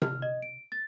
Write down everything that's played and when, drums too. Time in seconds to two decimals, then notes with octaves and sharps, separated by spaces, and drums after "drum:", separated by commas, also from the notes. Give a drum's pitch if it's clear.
0.02 F6, drum: tom C3
0.22 D#5
0.42 D7
0.72 A6